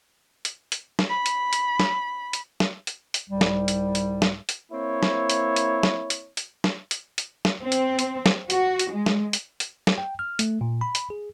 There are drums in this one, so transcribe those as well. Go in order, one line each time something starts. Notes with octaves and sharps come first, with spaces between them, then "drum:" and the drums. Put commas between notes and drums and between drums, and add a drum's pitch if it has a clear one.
drum: hi-hat
drum: hi-hat
drum: snare
B5
drum: hi-hat
drum: hi-hat
drum: snare
drum: hi-hat
drum: snare
drum: hi-hat
drum: hi-hat
C2 G#2 G3
drum: snare
drum: hi-hat
drum: hi-hat
drum: snare
drum: hi-hat
A#3 C4 E4 C#5
drum: snare
drum: hi-hat
drum: hi-hat
drum: snare
drum: hi-hat
drum: hi-hat
drum: snare
drum: hi-hat
drum: hi-hat
drum: snare
C4
drum: hi-hat
drum: hi-hat
drum: snare
F#4, drum: hi-hat
drum: hi-hat
G#3
drum: snare
drum: hi-hat
drum: hi-hat
drum: snare
G5
F6
A3, drum: hi-hat
A#2
B5
drum: hi-hat
G#4